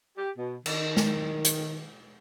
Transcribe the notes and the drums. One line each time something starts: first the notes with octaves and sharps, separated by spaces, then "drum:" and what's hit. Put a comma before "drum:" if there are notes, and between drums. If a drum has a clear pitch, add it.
G4
B2
D#3, drum: cymbal
drum: snare
drum: hi-hat